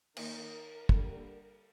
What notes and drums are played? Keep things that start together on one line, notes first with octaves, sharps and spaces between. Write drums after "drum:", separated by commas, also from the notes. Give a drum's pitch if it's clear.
D#3 A#3 D#4 A#4, drum: cymbal
D3 G3 A#3, drum: kick